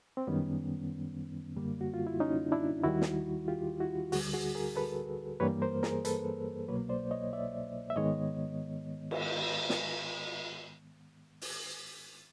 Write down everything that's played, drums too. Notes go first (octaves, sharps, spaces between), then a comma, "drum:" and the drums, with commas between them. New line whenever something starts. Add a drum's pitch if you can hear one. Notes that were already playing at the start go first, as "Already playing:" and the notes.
C4
F#2 D#3 G3 B3 C#4
F#2 D3 G3 A#3
F#4
F4
E4
C#4 D#4
D4 E4
D#2 D#3 G3 E4 F#4
drum: snare
F4 G4
E4 F#4
D2 D3 G3 F#4 G#4, drum: open hi-hat
F#4 G#4
G#4 A#4
A4 B4
G2 E3 G3 A#3 B4 C#5
A#4 C5
G#4 A#4, drum: snare
A4 B4, drum: hi-hat
C2 B2 F#3 A#3 B4 C#5
C5 D5
C#5 D#5
D5 E5
E5
G#2 D#3 G#3 B3 C#5 D#5
drum: cymbal
drum: snare
drum: open hi-hat